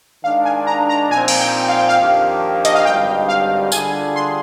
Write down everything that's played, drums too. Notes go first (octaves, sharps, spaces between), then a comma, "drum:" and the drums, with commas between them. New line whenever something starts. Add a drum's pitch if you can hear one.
D#3 G#3 D4 F5
G#5
A#5
A#5
A#2 F3 C4 D#4 G#5
drum: cymbal
G5
F5
G5
F5
F2 D#3 A#3 D4 G4
D#5, drum: hi-hat
F5
G#1 G2 D3 G3 G5
F5
D3 G3 D4 F4 G#4 G#5, drum: tambourine
C6